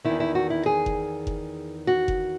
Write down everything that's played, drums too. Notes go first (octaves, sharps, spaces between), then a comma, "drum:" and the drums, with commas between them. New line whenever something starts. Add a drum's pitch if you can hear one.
E2 D#3 E4
E4
F#4
E4
G#4
drum: kick F#1
drum: kick F#1
F#4
drum: kick F#1